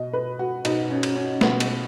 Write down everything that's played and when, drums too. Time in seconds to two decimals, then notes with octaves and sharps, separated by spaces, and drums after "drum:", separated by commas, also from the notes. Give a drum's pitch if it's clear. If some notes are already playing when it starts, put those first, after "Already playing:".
Already playing: B2 D#5
0.13 B4
0.39 F#4
0.65 B2 D#4, drum: cymbal
0.90 C#4
1.03 drum: cymbal
1.16 C#4
1.41 B2 B3, drum: snare A3
1.60 drum: cymbal